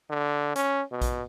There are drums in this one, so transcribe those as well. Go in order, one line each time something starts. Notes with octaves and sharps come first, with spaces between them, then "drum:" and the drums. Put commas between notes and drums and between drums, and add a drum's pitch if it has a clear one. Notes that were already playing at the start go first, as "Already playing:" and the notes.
D3
C#4, drum: hi-hat
B2
drum: kick A#1, hi-hat